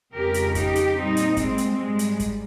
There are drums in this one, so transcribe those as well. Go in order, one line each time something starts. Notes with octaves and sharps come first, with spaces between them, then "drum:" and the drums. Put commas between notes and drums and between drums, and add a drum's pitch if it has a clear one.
F2 C#3 G#3 G4 A#4
drum: hi-hat
D#4 G4, drum: kick, hi-hat
drum: hi-hat
A#2 G3 C4 D#4
drum: hi-hat
G#3 C4, drum: kick, hi-hat
drum: hi-hat
G#2 G3 G#3
drum: hi-hat
drum: kick, hi-hat